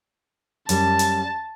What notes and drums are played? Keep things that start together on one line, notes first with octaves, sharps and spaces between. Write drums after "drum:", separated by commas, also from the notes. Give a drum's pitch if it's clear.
F#2 G3 A5, drum: hi-hat
drum: hi-hat